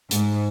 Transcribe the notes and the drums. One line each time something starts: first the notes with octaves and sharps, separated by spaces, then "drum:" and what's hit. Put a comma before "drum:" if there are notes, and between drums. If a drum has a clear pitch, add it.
G#2, drum: hi-hat